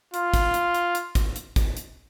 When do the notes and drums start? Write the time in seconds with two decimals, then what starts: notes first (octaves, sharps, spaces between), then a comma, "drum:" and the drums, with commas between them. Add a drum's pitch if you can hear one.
0.14 F4, drum: hi-hat
0.34 drum: kick, hi-hat
0.54 drum: hi-hat
0.74 drum: hi-hat
0.95 drum: hi-hat
1.15 drum: kick, hi-hat
1.36 drum: hi-hat
1.56 drum: kick, hi-hat
1.77 drum: hi-hat